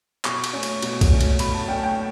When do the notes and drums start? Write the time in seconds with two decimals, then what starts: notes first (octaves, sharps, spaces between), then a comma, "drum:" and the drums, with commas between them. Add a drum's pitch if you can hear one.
0.25 B2 C#6, drum: clap
0.44 drum: cymbal
0.53 A3 C#4
0.63 drum: cymbal
0.82 B2, drum: cymbal
1.01 drum: kick, cymbal
1.11 A3 C#4
1.21 drum: cymbal
1.39 B2 B5, drum: cymbal
1.54 A5
1.68 A3 C#4 G5
1.83 G5